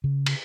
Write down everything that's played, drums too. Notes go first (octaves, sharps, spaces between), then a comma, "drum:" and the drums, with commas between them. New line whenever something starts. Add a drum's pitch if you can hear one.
C#3
drum: cymbal